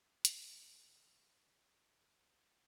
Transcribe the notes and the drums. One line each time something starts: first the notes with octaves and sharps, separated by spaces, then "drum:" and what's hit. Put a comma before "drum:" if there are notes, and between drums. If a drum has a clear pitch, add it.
F#1
drum: hi-hat
C#2
G1
B2
E3
A1
E2
G#2
C2